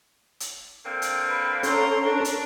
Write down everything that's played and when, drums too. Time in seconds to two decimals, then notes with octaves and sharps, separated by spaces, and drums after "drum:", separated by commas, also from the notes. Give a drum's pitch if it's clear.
0.40 drum: hi-hat
0.85 D3 A#3 C4
1.02 drum: hi-hat
1.28 B4
1.63 C#4 A4 C#5 A#5 C6, drum: hi-hat
2.02 D4 A#4
2.25 drum: hi-hat